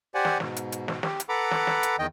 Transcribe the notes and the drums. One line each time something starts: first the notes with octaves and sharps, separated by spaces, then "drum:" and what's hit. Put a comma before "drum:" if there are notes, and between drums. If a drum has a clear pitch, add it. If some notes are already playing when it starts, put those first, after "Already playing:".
G4 C5 D5 F#5 G#5
drum: snare
G#2 B2, drum: snare
drum: hi-hat
drum: hi-hat
drum: snare
G4, drum: snare
drum: hi-hat
A4 B4 F#5 A#5 B5 D6
drum: snare
drum: snare
drum: hi-hat
E2 D#3 D#5 G5